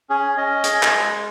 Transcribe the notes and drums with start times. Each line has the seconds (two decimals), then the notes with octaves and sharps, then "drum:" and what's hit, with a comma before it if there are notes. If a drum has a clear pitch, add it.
0.10 C#4 G#4
0.37 C#4 D#5
0.64 G#4, drum: hi-hat
0.83 drum: clap
0.92 G#3